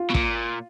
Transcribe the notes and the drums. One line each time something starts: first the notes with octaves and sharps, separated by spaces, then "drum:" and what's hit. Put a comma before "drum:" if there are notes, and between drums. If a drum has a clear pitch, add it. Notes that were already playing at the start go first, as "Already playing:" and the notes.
Already playing: F4
B2
A#2, drum: kick